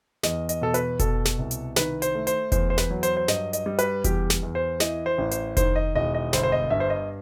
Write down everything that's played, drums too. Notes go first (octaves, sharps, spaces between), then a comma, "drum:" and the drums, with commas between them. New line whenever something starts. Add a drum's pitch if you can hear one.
E2 D#5, drum: snare
D#5, drum: hi-hat
B2 A4
B4, drum: hi-hat
B2 A4, drum: kick F1, hi-hat
drum: snare
C2
drum: hi-hat
D#3 B4, drum: snare
C5, drum: hi-hat
A3
C5, drum: hi-hat
E2 C5, drum: kick F1, hi-hat
C5
B4, drum: snare
F#3
C5, drum: hi-hat
C5
G2 D#5, drum: snare
D#5, drum: hi-hat
G3
B4, drum: hi-hat
E2 G4, drum: kick F1, hi-hat
drum: snare
E2
C5
E3 D#5, drum: snare
C5
A1
C5, drum: hi-hat
D#3 C5, drum: kick F1, hi-hat
D#5
E1 D#5
D#5
G1 C5, drum: snare
C5
D#5
G2 E5
C5
D#5